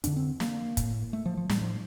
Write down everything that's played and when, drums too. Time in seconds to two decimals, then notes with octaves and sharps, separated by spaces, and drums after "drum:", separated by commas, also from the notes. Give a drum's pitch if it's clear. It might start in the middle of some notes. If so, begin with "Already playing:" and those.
0.04 F2 D3 D4, drum: hi-hat
0.16 C4
0.40 A#3, drum: snare
0.77 A2, drum: kick, hi-hat
1.13 A3
1.26 F3
1.37 F3
1.49 A2 G3, drum: snare
1.61 F3